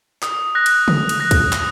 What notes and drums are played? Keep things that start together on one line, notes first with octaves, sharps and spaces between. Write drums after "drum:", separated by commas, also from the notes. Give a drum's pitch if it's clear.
D#6, drum: clap
F#6 A#6
drum: cymbal
D#6, drum: tom C#3
drum: cymbal
F#6 A#6
drum: kick, cymbal
D#6, drum: clap